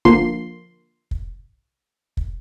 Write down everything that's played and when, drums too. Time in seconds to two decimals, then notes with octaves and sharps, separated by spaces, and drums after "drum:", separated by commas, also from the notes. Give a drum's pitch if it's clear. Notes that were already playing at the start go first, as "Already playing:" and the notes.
0.05 D3 F3 A#3 C6, drum: kick
1.11 drum: kick
2.17 drum: kick